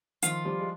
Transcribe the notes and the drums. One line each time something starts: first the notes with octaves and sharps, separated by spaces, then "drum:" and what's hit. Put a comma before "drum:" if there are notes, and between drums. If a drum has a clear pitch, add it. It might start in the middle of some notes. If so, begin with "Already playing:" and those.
D#3 F3 F4, drum: hi-hat
F3 G3
G#3